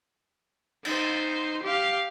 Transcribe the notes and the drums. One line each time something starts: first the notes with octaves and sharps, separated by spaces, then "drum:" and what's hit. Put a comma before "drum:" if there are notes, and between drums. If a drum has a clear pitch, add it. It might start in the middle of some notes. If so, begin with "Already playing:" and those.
D#4 C5, drum: cymbal
G4 F5